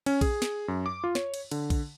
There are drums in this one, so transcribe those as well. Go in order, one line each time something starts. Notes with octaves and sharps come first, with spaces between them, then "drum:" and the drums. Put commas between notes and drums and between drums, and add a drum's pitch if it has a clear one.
C#4, drum: cymbal
G#4, drum: kick A#1, cymbal
drum: snare
F#2
D6
F4
C#5, drum: snare
drum: cymbal
D3, drum: cymbal
drum: kick A#1, cymbal